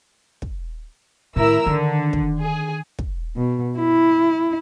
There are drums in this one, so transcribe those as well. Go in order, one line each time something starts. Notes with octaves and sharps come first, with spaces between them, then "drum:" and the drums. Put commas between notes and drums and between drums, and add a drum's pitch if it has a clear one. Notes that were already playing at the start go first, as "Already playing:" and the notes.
drum: kick
A2 D#3 E4 A#4 E6
D3 D#3
drum: kick
G#4
drum: kick
B2
E4